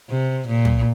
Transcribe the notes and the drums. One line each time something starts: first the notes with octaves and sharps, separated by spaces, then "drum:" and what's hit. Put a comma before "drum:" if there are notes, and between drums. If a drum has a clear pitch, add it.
C3
A#2
drum: tom